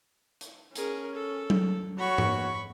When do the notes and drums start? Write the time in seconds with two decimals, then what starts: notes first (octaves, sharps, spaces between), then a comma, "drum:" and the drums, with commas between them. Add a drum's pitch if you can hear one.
0.41 drum: hi-hat
0.75 C#4 G#4 A#4, drum: hi-hat
1.14 A4
1.50 drum: tom F#3
1.98 F#4 C#5 B5 C#6
2.18 drum: tom G#2